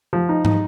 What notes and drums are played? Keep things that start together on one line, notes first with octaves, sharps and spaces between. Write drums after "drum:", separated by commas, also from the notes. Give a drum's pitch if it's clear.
F3
D#4
D#4, drum: tom